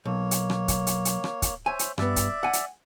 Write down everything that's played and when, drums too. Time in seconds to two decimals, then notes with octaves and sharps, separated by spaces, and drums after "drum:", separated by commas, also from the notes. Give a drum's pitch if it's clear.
0.05 B1 A#3 C#5
0.31 drum: hi-hat
0.50 drum: rim click
0.68 drum: kick, hi-hat
0.87 drum: hi-hat
1.05 drum: hi-hat
1.24 drum: rim click
1.42 drum: kick, hi-hat
1.66 C5 C#5 E5 G#5
1.79 drum: hi-hat
1.98 G2 B3 D5 E5, drum: rim click
2.16 drum: kick, hi-hat
2.43 F#5 G#5
2.53 drum: hi-hat